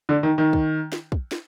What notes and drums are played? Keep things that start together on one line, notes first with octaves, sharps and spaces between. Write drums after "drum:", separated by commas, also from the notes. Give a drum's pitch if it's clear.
D3
D#3
D#3
drum: kick
drum: snare
drum: kick
drum: snare